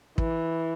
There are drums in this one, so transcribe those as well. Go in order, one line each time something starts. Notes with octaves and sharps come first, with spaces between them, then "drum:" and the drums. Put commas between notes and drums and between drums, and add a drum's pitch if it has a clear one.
E3, drum: kick